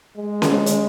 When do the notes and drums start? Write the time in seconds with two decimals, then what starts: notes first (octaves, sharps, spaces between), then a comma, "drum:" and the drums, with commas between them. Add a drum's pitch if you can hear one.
0.17 G#3
0.42 drum: snare C#4
0.66 drum: hi-hat